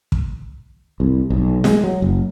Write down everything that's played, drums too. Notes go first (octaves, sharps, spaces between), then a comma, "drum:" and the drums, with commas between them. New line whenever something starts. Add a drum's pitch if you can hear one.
drum: kick
C2
B1
G#3, drum: snare
F#3
F#1